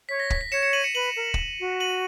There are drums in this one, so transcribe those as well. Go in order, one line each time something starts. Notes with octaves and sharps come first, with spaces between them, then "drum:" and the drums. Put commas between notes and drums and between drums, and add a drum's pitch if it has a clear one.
C#5 B6
A#6
B6, drum: kick
B6
C#5 C#7 E7
C#7 E7
D#7 F#7
C#7 E7
B4 D#7 F#7
A#4
drum: kick
F#4
D#7 F#7